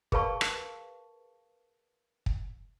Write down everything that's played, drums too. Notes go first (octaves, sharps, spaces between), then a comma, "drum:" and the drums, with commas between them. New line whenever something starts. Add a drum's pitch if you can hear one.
G#4 A#4 B4 F5 A5 C#6, drum: kick
drum: rim click
drum: kick